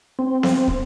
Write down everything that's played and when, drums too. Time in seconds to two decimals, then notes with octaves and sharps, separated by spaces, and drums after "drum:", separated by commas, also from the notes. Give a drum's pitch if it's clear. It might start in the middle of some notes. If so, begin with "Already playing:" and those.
0.19 C4
0.43 drum: snare B3
0.68 drum: kick